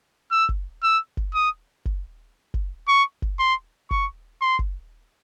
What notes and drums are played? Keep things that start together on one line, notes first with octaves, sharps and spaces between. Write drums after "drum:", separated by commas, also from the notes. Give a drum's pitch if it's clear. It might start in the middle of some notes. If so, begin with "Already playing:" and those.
E6
drum: kick F#1
E6
drum: kick F#1
D#6
drum: kick F#1
drum: kick F#1
C#6
drum: kick F#1
C6
C#6, drum: kick F#1
C6
drum: kick F#1